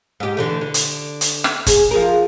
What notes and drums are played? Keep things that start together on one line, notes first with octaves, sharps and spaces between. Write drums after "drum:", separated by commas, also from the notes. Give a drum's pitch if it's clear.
G#2 G4
D3 E3 A3
D3
drum: hi-hat
drum: hi-hat
drum: rim click
G#4, drum: kick G1, hi-hat
F3 G#4 A#4